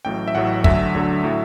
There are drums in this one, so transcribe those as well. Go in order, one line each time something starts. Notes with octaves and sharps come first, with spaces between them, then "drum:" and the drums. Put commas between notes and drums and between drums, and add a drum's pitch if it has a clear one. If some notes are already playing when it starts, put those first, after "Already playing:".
A1 A2 F#3 G5
E5
A1 A2 F#3 F#5
D2 D3 F#3 E5, drum: kick
D2 D3 F#3
A2 F#3